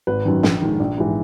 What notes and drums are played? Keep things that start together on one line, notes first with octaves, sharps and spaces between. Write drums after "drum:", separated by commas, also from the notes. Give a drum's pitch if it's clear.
G#1 B4
F#2 D#3
A#1, drum: snare
G#2 D#3
A#1
G#2 E3